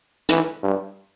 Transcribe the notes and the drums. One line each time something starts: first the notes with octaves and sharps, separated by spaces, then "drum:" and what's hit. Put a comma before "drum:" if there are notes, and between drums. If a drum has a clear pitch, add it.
E3, drum: hi-hat
G2